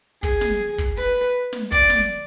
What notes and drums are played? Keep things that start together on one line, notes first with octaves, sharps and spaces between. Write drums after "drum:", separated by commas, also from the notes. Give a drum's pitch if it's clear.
G#4, drum: kick, hi-hat
drum: snare
drum: hi-hat
drum: kick
B4, drum: open hi-hat
drum: snare
D5, drum: kick, hi-hat
drum: snare
drum: hi-hat